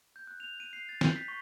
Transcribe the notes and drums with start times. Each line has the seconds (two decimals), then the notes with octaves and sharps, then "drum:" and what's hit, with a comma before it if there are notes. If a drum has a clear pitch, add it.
0.16 G6
0.27 F#6
0.40 F7
0.60 D#7
0.73 C7
0.89 A6
1.01 G6, drum: snare
1.16 B6
1.28 C#6